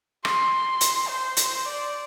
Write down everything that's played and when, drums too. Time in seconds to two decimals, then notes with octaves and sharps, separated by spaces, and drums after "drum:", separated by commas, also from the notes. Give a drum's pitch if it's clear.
0.25 C6, drum: rim click
0.81 drum: hi-hat
1.08 C5
1.37 C5, drum: hi-hat
1.65 D5